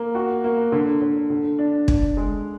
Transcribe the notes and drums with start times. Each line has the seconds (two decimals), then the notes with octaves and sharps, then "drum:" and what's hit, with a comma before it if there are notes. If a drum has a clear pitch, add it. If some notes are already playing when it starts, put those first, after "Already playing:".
Already playing: A#3
0.15 F#4
0.44 A#3
0.72 D3
1.02 D3
1.30 D3
1.59 D4
1.88 D4, drum: kick
2.17 G#3